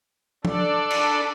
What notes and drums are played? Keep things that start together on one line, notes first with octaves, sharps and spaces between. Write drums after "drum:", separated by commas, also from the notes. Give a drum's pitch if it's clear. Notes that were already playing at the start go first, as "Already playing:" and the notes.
D4 A4 D5, drum: tom F3
drum: cymbal